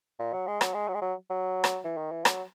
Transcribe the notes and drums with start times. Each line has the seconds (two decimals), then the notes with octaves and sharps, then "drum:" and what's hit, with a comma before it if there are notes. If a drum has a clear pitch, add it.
0.19 A#2
0.33 F#3
0.47 G#3
0.61 F#3, drum: rim click
0.74 G#3
0.88 F#3
0.95 G#3
1.02 F#3
1.30 F#3
1.64 drum: rim click
1.84 E3
1.97 D#3
2.12 E3
2.25 F#3, drum: rim click